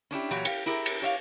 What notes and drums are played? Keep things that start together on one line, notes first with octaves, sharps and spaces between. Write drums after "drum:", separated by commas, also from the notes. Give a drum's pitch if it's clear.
C#4 D4 E4 G4
A#2 E3 F#3 G4 C#5
G4 F5, drum: cymbal
E4 G4 G#4 A#4
drum: cymbal
G4 C#5 E5 F5